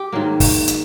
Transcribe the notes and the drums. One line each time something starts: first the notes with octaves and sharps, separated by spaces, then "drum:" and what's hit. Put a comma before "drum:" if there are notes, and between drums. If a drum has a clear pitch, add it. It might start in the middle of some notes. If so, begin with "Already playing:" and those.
Already playing: G4
G#2 D#3 F#3 A#3
drum: kick, open hi-hat
drum: hi-hat